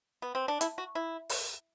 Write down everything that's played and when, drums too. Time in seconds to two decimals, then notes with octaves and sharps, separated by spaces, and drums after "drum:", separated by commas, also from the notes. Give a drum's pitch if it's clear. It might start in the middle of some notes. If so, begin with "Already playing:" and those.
0.22 B3
0.35 C4
0.48 D4
0.61 E4, drum: hi-hat
0.78 F#4
0.95 E4
1.29 drum: open hi-hat